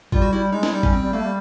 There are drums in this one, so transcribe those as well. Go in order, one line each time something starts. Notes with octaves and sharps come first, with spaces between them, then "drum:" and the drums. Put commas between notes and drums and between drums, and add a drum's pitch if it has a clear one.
G3 F4, drum: kick G#1
F#4
G3 E4
G#3 D#4
E4, drum: snare
G3 D#4
C#4, drum: kick G#1
C4
G3
A3 A#3
G3